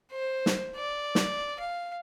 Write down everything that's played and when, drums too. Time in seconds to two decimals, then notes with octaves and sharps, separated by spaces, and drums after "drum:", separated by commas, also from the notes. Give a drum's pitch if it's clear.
0.12 C5
0.46 drum: snare
0.76 D5
1.15 drum: snare
1.60 F5